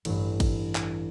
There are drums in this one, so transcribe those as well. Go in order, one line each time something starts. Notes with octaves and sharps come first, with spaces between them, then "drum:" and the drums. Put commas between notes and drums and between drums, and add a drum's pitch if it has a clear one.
A1 G2, drum: cymbal
drum: kick, cymbal
drum: clap